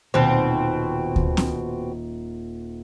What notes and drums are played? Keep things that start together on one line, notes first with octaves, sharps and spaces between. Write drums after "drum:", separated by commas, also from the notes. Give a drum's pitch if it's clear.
D#1 B2 C4
drum: kick D2
drum: snare C4